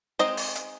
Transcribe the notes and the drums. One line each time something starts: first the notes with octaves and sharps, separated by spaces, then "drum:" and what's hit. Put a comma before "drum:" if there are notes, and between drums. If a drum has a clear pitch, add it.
G#3 C4 D#4 C5 D#5, drum: hi-hat
drum: open hi-hat
drum: hi-hat